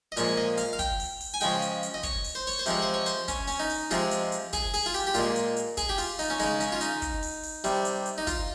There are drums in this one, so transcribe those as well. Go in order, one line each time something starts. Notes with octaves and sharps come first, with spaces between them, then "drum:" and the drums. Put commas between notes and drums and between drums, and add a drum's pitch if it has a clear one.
D#5
A#2 F3 G#3 C#5, drum: hi-hat
D#5
F5, drum: hi-hat
F5
G5, drum: kick, hi-hat
drum: open hi-hat
drum: open hi-hat
G#5
C#3 F3 G#3 G5, drum: hi-hat
drum: hi-hat
drum: hi-hat
D#5
C#5, drum: kick, hi-hat
drum: open hi-hat
C5
C#5, drum: open hi-hat
C5
C3 F3 G#3 C#5, drum: hi-hat
C5
C#5
C5, drum: hi-hat
C#4, drum: kick, hi-hat
C#4, drum: open hi-hat
D#4
drum: open hi-hat
C3 F3 G#3 F4, drum: hi-hat
drum: hi-hat
drum: hi-hat
G#4, drum: kick, hi-hat
G#4, drum: open hi-hat
F4
G4, drum: open hi-hat
G4
A#2 G#3 F4, drum: hi-hat
drum: hi-hat
drum: hi-hat
G#4, drum: kick, hi-hat
G4
F4, drum: open hi-hat
D#4, drum: open hi-hat
C#4
C#3 G#3 D#4, drum: hi-hat
C#4, drum: hi-hat
F4
D#4, drum: hi-hat
drum: kick, hi-hat
drum: open hi-hat
drum: open hi-hat
C3 G3, drum: hi-hat
drum: hi-hat
drum: hi-hat
D#4
F4, drum: kick, hi-hat